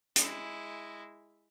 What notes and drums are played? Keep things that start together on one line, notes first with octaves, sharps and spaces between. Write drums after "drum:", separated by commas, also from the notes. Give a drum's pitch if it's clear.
G#3 E4, drum: hi-hat